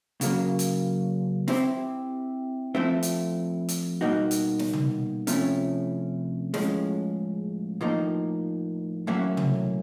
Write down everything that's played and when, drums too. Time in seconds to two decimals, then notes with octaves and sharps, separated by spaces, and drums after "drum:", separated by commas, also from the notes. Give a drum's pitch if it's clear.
0.21 C#3 F#3 A#3, drum: hi-hat
0.59 drum: hi-hat
1.48 C4 E4 G4 C5, drum: snare
2.75 F3 A3 C4 E4
3.03 drum: hi-hat
3.69 drum: hi-hat
4.01 B2 G3 A#3 D#4 F#4
4.31 drum: hi-hat
4.59 drum: snare
4.73 drum: tom
5.27 C3 F3 A3 C#4 E4, drum: hi-hat
6.54 A2 F3 G#3 C#4, drum: snare
7.81 A2 F3 A#3 D#4
9.07 A2 F#3 A#3 C#4 E4
9.37 drum: tom